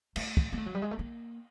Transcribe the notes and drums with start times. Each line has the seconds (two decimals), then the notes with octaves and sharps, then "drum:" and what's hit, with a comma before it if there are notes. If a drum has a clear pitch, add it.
0.16 A3, drum: cymbal
0.37 drum: kick
0.52 A#3
0.58 A3
0.66 F#3
0.75 G3
0.82 G#3
0.91 A3
0.99 A#3